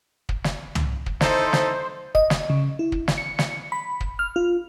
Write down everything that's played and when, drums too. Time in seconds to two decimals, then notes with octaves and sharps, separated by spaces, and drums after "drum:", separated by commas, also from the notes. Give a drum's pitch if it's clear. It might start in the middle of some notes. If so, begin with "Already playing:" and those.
0.29 drum: kick
0.44 drum: snare
0.75 drum: tom
1.06 drum: kick
1.21 D#4 E4 A4 C5, drum: snare
1.53 drum: snare
2.15 D#5, drum: kick
2.30 drum: snare
2.50 C#3
2.79 E4
2.92 drum: kick
3.08 drum: snare
3.18 C#7
3.39 drum: snare
3.72 B5
4.01 drum: kick
4.19 F6
4.36 F4